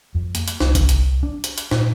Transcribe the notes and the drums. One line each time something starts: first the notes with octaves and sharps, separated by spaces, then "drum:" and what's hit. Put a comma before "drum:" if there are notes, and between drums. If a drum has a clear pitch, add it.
F2
A#3, drum: hi-hat
drum: hi-hat
C2, drum: snare
drum: kick G1, hi-hat
drum: hi-hat
D4
drum: hi-hat
drum: hi-hat
A#2, drum: snare